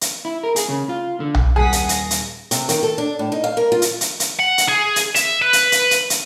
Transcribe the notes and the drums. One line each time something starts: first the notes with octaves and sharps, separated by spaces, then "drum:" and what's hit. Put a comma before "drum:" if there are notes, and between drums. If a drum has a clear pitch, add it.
drum: hi-hat
E4
A#4
G#4, drum: hi-hat
C#3
F4
D3
drum: tom B1
D#1 G#4 F#5 A5 D#6 B6
drum: hi-hat
A#6, drum: hi-hat
drum: hi-hat
C3, drum: hi-hat
D#3, drum: hi-hat
A4
D4
A2
D#4
F5
A#4
F4
drum: hi-hat
drum: hi-hat
drum: hi-hat
F#5
drum: hi-hat
G#4
drum: hi-hat
E5, drum: hi-hat
B4
drum: hi-hat
drum: hi-hat
drum: hi-hat
drum: hi-hat